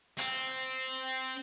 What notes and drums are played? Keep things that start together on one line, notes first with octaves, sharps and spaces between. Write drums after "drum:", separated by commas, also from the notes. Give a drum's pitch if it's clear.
C4, drum: hi-hat